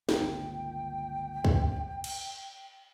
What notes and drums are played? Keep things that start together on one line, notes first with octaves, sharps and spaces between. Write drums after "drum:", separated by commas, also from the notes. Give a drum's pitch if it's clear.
G1 C#2 A#2 G5, drum: snare
drum: kick
drum: cymbal